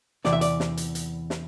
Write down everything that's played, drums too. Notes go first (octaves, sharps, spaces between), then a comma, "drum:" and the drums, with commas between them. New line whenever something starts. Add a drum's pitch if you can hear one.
E2 C3 E3 D5, drum: snare
E5
D5, drum: hi-hat
drum: snare
drum: hi-hat
drum: hi-hat
drum: snare